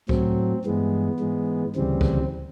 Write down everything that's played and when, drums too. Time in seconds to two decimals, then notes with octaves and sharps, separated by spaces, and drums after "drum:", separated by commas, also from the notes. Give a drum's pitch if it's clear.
0.09 A2 F#3 C4, drum: kick C#2
0.65 G2 E3 G#3 B3
1.19 G#2 E3 G#3
1.76 D2 C#3 E3 G3 C4
2.01 drum: kick C#2